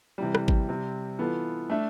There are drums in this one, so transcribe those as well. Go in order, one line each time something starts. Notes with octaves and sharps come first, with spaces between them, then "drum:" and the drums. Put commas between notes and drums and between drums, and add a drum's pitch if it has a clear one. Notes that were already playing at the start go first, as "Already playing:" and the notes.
C3 E3 G3
drum: rim click
drum: kick G#1
C3 G3 C4
E3 B3 F4 A4
A3 D4 A4 E5